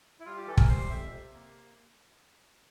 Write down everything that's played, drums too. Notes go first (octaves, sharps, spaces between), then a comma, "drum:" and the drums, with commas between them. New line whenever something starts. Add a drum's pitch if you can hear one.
E4
G3 F4
G4
E3 A4
A#4, drum: kick
G3 C5
F2 E5
C3
A#3